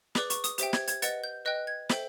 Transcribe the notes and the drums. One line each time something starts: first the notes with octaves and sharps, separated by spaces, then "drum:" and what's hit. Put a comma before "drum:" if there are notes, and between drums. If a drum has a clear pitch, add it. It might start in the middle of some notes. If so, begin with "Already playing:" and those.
G#4 B4 D5 D6, drum: snare
C#6, drum: hi-hat
D#6, drum: hi-hat
G4 C5 E5 G5, drum: hi-hat
G#6, drum: snare
G#6, drum: hi-hat
B4 D#5 F#5 A6, drum: hi-hat
G6
B4 D#5 G5 F#6
G#6
A4 C5 E5 G5, drum: snare